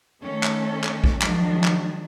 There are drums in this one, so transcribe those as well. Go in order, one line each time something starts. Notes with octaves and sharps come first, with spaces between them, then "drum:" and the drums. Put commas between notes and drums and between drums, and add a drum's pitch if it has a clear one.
D#3 A3 C#4 A4
drum: clap
drum: clap
drum: kick
D#3 F3 F#3 G#3 D4, drum: clap
drum: clap